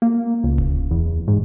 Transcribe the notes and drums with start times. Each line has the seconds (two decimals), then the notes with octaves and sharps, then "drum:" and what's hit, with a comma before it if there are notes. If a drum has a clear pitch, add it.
0.02 A#3
0.44 C#2
0.58 drum: kick D1
0.91 E2
1.28 G#2